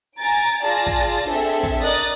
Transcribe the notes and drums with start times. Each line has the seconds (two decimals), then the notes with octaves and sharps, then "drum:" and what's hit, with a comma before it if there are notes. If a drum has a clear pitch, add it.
0.19 G#5 A#5 A6 D7
0.63 F4 G#4 D5 A5 A6 A#6
0.86 drum: kick
1.28 C4 D4 G#4 A4 E5
1.63 drum: kick
1.82 A#4 D5 D#5 D#6 F#6 A6